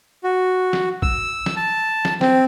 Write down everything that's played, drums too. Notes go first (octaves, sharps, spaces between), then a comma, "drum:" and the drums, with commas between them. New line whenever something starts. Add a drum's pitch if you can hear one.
F#4
drum: snare
E6, drum: kick
drum: snare
A5
drum: snare
C4, drum: snare